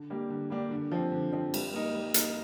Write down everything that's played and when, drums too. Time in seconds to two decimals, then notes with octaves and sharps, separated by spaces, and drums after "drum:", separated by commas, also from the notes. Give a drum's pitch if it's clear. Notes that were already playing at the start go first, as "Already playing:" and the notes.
Already playing: D3
0.10 G3 A#3 D4 G4
0.30 D3
0.50 G3 A#3 D4 G4
0.71 D3
0.91 F3 C4
1.12 D3
1.32 F3 C4
1.54 G3, drum: cymbal
1.74 A#3 D#4 A#4
1.94 G3
2.14 A#3 D#4 A#4, drum: hi-hat